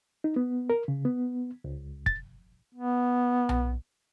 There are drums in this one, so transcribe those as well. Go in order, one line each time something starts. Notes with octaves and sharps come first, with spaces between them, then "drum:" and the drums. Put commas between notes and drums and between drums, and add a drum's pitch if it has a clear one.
D#4
B3
A#4
C#3
B3
C#2
A6, drum: kick
B3
drum: tom B1